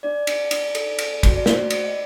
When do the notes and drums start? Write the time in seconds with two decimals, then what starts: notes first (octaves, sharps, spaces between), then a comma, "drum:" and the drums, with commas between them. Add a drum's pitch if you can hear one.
0.03 D4 D5
0.27 D4, drum: cymbal
0.51 D4, drum: cymbal
0.75 A4, drum: cymbal
0.99 D4, drum: cymbal
1.23 F#4, drum: kick, cymbal
1.35 D5
1.46 A3 C5, drum: snare
1.70 D4 D5, drum: cymbal
1.85 D#5